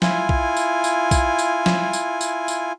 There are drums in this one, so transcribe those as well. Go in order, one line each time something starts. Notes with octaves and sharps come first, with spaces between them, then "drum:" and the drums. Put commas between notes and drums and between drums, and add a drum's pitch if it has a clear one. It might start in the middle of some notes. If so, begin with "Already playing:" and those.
E4 F4 G#5, drum: snare
drum: kick
drum: tambourine
drum: tambourine
drum: kick, tambourine
drum: tambourine
drum: snare
drum: tambourine
drum: tambourine
drum: tambourine